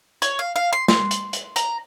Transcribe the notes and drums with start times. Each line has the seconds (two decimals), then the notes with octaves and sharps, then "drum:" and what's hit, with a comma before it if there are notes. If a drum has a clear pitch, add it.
0.22 C#5, drum: hi-hat
0.39 F5
0.56 F5
0.73 C6
0.88 C6, drum: snare
1.11 drum: hi-hat
1.33 drum: hi-hat
1.56 A#5, drum: hi-hat